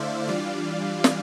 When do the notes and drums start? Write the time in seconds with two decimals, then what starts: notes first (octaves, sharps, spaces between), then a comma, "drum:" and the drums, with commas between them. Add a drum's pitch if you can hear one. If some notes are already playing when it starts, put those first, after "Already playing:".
Already playing: D3 A3 E4 C5 D5 E5 F5
0.27 E3 G3 D4 F4 D5 F5
1.04 drum: snare